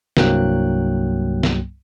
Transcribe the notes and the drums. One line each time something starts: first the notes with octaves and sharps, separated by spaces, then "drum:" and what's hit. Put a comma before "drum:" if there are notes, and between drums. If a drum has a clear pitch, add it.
C2 G2 F#3 A#3 G5 F#6, drum: snare
drum: snare